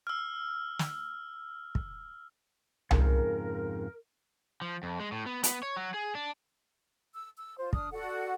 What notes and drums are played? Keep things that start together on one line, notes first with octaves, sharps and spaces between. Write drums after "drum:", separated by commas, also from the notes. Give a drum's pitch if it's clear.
E6 F6
drum: snare
drum: kick
F2 G#2 C#3 A#4, drum: tom C2
F3
F2
G#3
A2
B3
B3, drum: hi-hat
C#5
F#3
G#4
D4
E6
E6
F4 C5
D4 D#6 F6, drum: kick
F#4 A4 D5 F#5